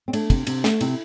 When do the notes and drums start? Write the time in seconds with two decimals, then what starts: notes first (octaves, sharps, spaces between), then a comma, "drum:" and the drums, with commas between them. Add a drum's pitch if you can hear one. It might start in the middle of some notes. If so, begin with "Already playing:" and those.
0.08 C4
0.13 A3 D4, drum: cymbal
0.30 C3, drum: kick, cymbal
0.47 C3, drum: cymbal
0.64 A3, drum: snare
0.81 C3 E4, drum: cymbal